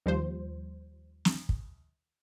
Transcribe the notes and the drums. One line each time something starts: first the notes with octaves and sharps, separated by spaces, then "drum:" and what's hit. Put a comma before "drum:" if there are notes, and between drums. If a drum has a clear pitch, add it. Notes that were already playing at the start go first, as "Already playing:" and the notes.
D#2 F3 G3 C5
drum: snare
drum: kick